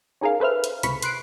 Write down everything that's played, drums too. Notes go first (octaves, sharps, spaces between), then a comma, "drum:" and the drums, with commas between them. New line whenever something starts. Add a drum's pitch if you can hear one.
C#4 D#4 G#4 A#4 F5
A4 B4 C5 E5 F6
drum: hi-hat
C#2 C3 B4 B5 C#6, drum: hi-hat
C6 F#6 C7 D7, drum: hi-hat